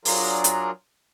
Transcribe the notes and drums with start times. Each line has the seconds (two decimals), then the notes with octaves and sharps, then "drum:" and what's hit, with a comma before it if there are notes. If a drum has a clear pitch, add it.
0.05 F#3 D4 F4 G#4 A#4, drum: open hi-hat
0.44 drum: hi-hat